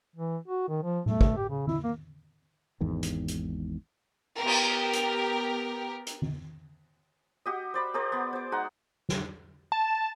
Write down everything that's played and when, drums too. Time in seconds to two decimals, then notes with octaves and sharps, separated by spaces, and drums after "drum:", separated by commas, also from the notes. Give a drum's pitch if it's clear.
0.16 E3
0.48 F#4
0.68 D#3
0.83 F3
1.06 A3, drum: tom A2
1.21 drum: kick
1.37 G4
1.49 C#3
1.67 E4, drum: tom D#3
1.83 A#3
2.81 G#1 E2 G#2 D#3
3.03 drum: hi-hat
3.28 drum: hi-hat
4.37 B3 G4 A#4
4.46 drum: cymbal
4.93 drum: hi-hat
6.07 drum: hi-hat
6.22 drum: tom D#3
7.46 F#4 G4 D#5
7.74 C5 D5 B5
7.94 G#4 A#4 C5 D5
8.12 B3 C6
8.33 C5 D6
8.52 G#3 D#4 F#5
9.09 drum: snare
9.72 A5